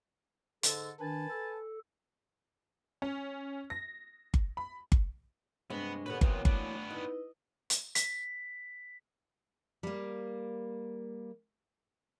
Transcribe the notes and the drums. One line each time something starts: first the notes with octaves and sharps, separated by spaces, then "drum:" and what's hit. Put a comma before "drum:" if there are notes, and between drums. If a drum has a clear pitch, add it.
G#2 D3 A4, drum: hi-hat
D#3 D4 B4 G#5 A5
A4
C#4
A#6
drum: kick G1
B5
drum: kick G1
G2 C3 G#3 B3 D4 C#6
D#2 B2 D3 G4 B4 F#5
C3 E3 F#3 A#3 B3 A#4 C#5, drum: kick G1
A3 B3 D4 C#6, drum: kick G1
D#4 E4 B4 D#5
drum: hi-hat
B6, drum: hi-hat
G3 A#3